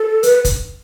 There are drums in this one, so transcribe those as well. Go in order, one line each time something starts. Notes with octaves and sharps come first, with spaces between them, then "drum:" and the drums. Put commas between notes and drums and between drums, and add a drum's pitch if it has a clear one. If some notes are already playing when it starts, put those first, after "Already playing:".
Already playing: A4
B4, drum: hi-hat
drum: kick, hi-hat